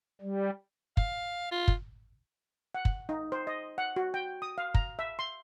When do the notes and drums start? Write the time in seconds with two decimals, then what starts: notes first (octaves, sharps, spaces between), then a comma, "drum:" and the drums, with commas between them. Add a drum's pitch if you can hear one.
0.22 G3
0.97 F5, drum: kick
1.51 F4
1.68 drum: kick
2.75 F#5
2.85 drum: kick
3.09 D#4
3.32 C5
3.47 D#5
3.78 F#5
3.96 F#4
4.14 G5
4.42 D#6
4.58 F5
4.74 A#5, drum: kick
4.99 E5
5.19 C6